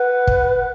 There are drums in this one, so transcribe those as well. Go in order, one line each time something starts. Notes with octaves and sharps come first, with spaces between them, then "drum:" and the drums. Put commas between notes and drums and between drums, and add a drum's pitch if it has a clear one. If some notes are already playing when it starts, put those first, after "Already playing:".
Already playing: B4 F#5
drum: kick